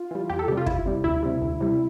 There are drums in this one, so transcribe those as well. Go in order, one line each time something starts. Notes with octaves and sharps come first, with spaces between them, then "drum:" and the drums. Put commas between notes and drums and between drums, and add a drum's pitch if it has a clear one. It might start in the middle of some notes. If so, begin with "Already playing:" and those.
Already playing: F4
E3 G3
E2 G4
A4
C3 G3 G4
F4
E2 E4, drum: kick
C3 G3
D2 E4
C3 G3
D2
C3 G3